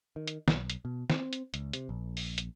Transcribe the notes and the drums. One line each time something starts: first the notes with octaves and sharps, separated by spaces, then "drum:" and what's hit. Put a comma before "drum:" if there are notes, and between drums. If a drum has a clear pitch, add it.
D#3
drum: hi-hat
B1, drum: snare
drum: hi-hat
B2
C4, drum: snare
drum: hi-hat
C#2, drum: hi-hat
C3, drum: hi-hat
A#1
drum: open hi-hat
drum: hi-hat